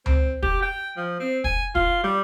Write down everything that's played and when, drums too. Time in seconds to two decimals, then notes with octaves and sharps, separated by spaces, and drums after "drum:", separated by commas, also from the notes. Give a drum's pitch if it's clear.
0.06 C4, drum: tom C#2
0.43 G4, drum: kick
0.62 G5
0.97 F3
1.20 C4
1.44 G#5, drum: kick
1.75 F4, drum: kick
2.03 G3